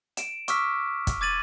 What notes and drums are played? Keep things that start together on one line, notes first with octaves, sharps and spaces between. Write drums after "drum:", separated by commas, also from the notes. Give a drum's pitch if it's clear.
D7 E7, drum: hi-hat
C#6 D6 E6 F6 B6, drum: hi-hat
drum: kick F1, hi-hat
D6 G#6 A6 D#7 F#7